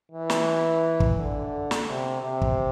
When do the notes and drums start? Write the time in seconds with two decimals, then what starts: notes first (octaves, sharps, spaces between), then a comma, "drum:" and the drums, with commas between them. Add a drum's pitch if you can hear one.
0.12 E3
0.30 drum: snare
1.00 drum: kick
1.18 D3
1.71 drum: snare
1.89 C3
2.24 C3
2.41 drum: kick